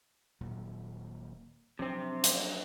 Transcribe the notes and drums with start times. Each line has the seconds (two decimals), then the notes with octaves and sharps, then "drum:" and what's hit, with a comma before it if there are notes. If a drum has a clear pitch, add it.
0.41 D#1 A#2 F#3
1.79 C3 F3 F#3 C4 D4
2.24 drum: hi-hat